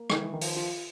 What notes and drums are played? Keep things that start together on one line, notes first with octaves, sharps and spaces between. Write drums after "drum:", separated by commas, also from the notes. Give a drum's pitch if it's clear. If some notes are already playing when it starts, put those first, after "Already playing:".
Already playing: A#3
D#3 E3, drum: rim click
D#3
F3, drum: open hi-hat
F4